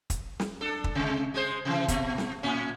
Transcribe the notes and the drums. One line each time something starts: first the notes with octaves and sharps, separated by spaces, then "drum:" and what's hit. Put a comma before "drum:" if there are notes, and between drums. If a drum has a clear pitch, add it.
drum: kick, hi-hat
drum: snare
D4 A4
drum: kick
C3 G#3
G#3 G#4 C5
C3 D#3 E3
A#2, drum: kick, hi-hat
drum: snare
A2 C#4